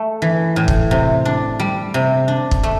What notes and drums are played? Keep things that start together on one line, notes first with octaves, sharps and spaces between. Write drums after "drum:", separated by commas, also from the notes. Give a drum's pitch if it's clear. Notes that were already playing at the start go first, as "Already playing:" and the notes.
Already playing: A3
E3
A2
drum: kick
C3
D4
G3
C3
D4
drum: kick
A3